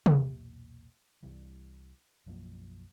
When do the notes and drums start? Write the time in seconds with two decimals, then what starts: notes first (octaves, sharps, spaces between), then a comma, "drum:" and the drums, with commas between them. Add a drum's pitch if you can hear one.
0.06 B1 E2 A#2, drum: tom
1.23 C2 C3 E3 G3
2.26 B1 F#2 F3 A#3